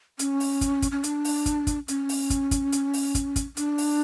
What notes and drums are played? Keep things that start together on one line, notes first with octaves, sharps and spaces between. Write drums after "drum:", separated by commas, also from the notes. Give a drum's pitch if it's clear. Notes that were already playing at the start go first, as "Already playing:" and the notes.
C#4, drum: hi-hat
drum: open hi-hat
drum: kick, hi-hat
drum: kick, hi-hat
C#4
D4, drum: hi-hat
drum: open hi-hat
drum: kick, hi-hat
drum: kick, hi-hat
C#4, drum: hi-hat
drum: open hi-hat
drum: kick, hi-hat
drum: kick, hi-hat
drum: hi-hat
drum: open hi-hat
drum: kick, hi-hat
drum: kick, hi-hat
D4, drum: hi-hat
drum: open hi-hat